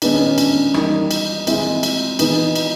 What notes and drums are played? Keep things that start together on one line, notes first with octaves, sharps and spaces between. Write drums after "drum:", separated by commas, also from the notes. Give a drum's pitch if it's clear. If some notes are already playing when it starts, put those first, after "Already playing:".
D#3 G#3 B3 D4, drum: cymbal
C#4
C#4
D4, drum: cymbal
E3 G3 A#3 D#4, drum: rim click
drum: cymbal
E3 G#3 C4 E4, drum: cymbal
drum: cymbal
E3 G#3 B3 D#4, drum: cymbal
drum: cymbal